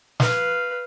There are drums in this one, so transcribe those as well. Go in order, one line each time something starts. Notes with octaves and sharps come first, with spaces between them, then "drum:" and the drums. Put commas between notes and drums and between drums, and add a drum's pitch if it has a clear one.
B4 F5, drum: snare